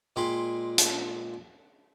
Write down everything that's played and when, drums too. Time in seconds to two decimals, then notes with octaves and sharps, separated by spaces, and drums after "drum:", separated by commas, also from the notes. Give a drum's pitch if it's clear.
0.16 A#2 G#3 G5 B5 C6
0.78 drum: hi-hat